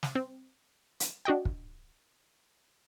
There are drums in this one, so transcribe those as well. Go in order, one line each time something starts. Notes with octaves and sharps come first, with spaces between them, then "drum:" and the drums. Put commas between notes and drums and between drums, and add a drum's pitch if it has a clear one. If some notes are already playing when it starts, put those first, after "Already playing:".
drum: snare
C4
drum: hi-hat
D4 F#4 D#5 G5
drum: kick